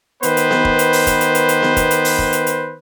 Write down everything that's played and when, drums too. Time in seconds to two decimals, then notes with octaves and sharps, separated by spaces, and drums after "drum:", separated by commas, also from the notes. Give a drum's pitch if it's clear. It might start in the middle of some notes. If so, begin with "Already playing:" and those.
0.23 D#3 B3 B4 C5, drum: hi-hat
0.37 drum: hi-hat
0.51 drum: snare B3
0.65 drum: kick
0.79 drum: hi-hat
0.93 drum: open hi-hat
1.07 drum: kick, hi-hat
1.21 drum: hi-hat
1.35 drum: hi-hat
1.49 drum: hi-hat
1.63 drum: snare B3
1.77 drum: kick, hi-hat
1.91 drum: hi-hat
2.05 drum: open hi-hat
2.19 drum: kick
2.33 drum: hi-hat
2.47 drum: hi-hat